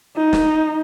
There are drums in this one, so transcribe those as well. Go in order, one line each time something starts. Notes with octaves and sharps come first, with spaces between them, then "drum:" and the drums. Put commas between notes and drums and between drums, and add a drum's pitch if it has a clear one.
D#4
drum: snare